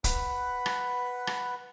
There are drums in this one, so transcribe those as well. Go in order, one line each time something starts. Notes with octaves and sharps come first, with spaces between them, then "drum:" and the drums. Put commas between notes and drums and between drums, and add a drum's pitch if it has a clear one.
B4 F#5 B5, drum: kick, hi-hat
drum: rim click
drum: rim click